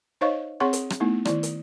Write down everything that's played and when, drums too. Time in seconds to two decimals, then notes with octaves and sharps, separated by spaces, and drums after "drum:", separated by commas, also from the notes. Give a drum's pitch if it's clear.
0.21 D#4 C5 C#5 D#5 F5 C#6
0.60 C4 G#4 C#5 F#5 C6 C#6
0.73 drum: hi-hat
0.90 drum: rim click
1.00 A3 B3 D#4 E4
1.25 D#3 E4 D5, drum: rim click
1.43 drum: hi-hat